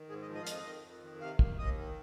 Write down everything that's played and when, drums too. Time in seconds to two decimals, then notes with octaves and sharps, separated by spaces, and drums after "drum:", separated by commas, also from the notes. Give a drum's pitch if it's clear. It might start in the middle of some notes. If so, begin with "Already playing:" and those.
Already playing: D#3
0.09 G#2 G#4
0.22 D#5
0.28 F3
0.35 D#5
0.43 F5
0.47 F2 D#5, drum: hi-hat
0.65 D#3
0.84 F2
1.02 D#3
1.21 C3 F5
1.39 D#3, drum: kick
1.58 D#2 D#5
1.77 D#3